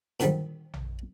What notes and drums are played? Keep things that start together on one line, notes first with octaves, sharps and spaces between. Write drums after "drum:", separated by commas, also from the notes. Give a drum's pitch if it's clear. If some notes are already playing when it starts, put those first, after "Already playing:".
A#2 D3 D#3 F3 G3, drum: hi-hat
drum: tom A#1